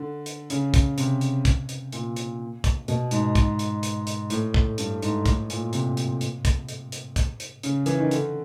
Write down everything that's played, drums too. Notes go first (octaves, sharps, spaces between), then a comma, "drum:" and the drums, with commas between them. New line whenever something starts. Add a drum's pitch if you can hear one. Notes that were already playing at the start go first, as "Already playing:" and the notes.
Already playing: D3
drum: hi-hat
C#3, drum: hi-hat
drum: kick, hi-hat
C3, drum: hi-hat
drum: hi-hat
drum: kick, hi-hat
drum: hi-hat
A#2, drum: hi-hat
drum: hi-hat
drum: kick, hi-hat
B2, drum: hi-hat
G#2, drum: hi-hat
drum: kick, hi-hat
drum: hi-hat
drum: hi-hat
drum: hi-hat
A2, drum: hi-hat
drum: kick
G2, drum: hi-hat
G#2, drum: hi-hat
A2, drum: kick, hi-hat
A#2, drum: hi-hat
C3, drum: hi-hat
drum: hi-hat
drum: hi-hat
drum: kick, hi-hat
drum: hi-hat
drum: hi-hat
drum: kick, hi-hat
drum: hi-hat
C#3, drum: hi-hat
E3, drum: hi-hat
D#3
D3, drum: hi-hat